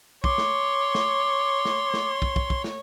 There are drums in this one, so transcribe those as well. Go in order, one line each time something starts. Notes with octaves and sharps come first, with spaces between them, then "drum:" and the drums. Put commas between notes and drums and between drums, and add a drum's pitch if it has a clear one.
C#5 C6 D6, drum: kick
drum: snare
drum: snare
drum: snare
drum: snare
drum: kick
drum: kick
drum: kick
drum: snare